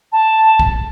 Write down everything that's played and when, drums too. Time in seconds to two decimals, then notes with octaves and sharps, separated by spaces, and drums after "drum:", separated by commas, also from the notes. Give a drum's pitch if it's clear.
0.12 A5
0.59 drum: kick